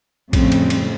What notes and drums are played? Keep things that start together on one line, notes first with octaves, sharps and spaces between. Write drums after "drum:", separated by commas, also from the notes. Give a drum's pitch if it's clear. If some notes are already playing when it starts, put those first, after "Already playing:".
F2 A2 C#3 G3 C4, drum: kick, cymbal
drum: cymbal
drum: cymbal